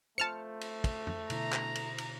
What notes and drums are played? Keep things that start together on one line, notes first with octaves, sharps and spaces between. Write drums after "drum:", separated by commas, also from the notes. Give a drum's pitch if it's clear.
A3 F4 C5 A5 F6 C#7
drum: cymbal
drum: kick, cymbal
drum: tom F2
B2 D3 E4 A#5, drum: cymbal
drum: clap
drum: cymbal
drum: cymbal